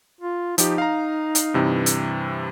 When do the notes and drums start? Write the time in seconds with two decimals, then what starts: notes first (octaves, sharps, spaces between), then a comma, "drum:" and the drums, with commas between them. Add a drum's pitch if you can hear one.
0.21 F4
0.58 F3 D#4 G4, drum: hi-hat
0.78 F5 A#5
1.35 drum: hi-hat
1.54 G2 C3 E3
1.86 drum: hi-hat